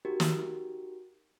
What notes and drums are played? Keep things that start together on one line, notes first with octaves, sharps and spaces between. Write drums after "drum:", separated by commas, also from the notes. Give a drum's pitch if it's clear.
D#4 F#4 G4 A#4
drum: snare